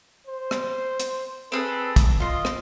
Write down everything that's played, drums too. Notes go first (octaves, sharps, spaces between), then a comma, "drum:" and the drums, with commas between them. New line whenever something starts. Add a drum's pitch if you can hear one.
C5
drum: rim click
drum: hi-hat
C4 G#4 A4 B4
drum: kick, hi-hat
F4 D#5 C6
drum: rim click